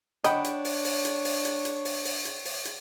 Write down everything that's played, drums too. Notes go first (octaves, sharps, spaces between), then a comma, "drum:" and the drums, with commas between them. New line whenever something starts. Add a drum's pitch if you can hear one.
D4 C#5 D#5 F#5 G5 B5, drum: hi-hat
drum: hi-hat
drum: open hi-hat
drum: open hi-hat
drum: hi-hat
drum: open hi-hat
drum: hi-hat
drum: hi-hat
drum: open hi-hat
drum: open hi-hat
drum: hi-hat
drum: open hi-hat
drum: hi-hat